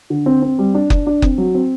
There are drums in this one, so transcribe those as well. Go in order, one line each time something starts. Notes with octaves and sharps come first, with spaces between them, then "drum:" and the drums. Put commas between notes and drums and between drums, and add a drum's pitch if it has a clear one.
D3
C4
C4
G3
D4
D4, drum: kick F#1
D4
C4, drum: kick F#1
F#3
C4